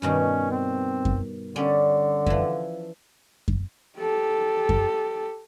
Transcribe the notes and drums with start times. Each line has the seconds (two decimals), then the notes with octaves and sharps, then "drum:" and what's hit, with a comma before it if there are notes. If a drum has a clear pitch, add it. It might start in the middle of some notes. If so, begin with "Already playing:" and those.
0.02 G2 B2 D#3 C#4
0.51 C4
1.05 drum: kick F#2
1.56 D3 G3 C#4 D5
2.26 E3 F3, drum: kick F#2
3.48 drum: kick F#2
3.98 G4 A4
4.69 drum: kick F#2